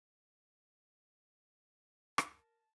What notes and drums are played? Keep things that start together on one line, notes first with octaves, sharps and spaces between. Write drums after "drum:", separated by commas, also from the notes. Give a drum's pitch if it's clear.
A#4 A5, drum: rim click